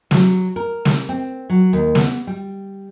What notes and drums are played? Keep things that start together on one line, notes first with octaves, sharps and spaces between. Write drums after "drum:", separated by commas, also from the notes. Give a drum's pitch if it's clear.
F#3, drum: snare
A#4
drum: snare
C4
F#3
D#2
B3, drum: snare
G3